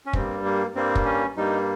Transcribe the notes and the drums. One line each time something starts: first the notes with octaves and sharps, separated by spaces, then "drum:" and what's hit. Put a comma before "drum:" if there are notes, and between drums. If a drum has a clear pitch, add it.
C#4
G2 G3 A#3 C4, drum: kick
A#3
G2 G3 A#3 C4
drum: kick
C#4
G2 G3 A#3 D#4